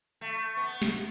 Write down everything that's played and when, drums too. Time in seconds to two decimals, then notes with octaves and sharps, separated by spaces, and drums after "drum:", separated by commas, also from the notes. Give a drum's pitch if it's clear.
0.21 A3
0.57 B3
0.82 drum: snare